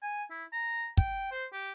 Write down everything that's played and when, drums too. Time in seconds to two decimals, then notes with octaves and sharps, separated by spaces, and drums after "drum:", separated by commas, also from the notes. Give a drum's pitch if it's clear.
0.02 G#5
0.31 E4
0.53 A#5
0.97 G5, drum: kick
1.32 C5
1.53 G4